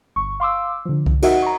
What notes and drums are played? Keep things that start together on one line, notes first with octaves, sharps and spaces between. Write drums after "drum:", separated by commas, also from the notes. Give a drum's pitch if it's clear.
G1 C#6
F5 C6 D6 E6
D3 F3
drum: kick C2
D#4 F#4 A#4 D#5 E5 F#5, drum: cymbal
A#5 C#6